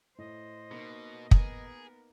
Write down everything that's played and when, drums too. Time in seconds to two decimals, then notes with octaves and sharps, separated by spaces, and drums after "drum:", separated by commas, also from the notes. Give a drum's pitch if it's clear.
0.18 A2 C5 D#5
0.71 B2 A#3 D#4
1.31 B3 G#4 A#4, drum: kick